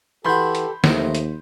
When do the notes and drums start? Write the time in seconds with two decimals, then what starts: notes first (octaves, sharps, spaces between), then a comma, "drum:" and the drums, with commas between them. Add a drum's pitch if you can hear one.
0.25 E3 F#4 G4 A4 B5 C6 G6
0.55 drum: hi-hat
0.84 D#2 A3 C5 D#5 A#5, drum: snare
1.15 drum: hi-hat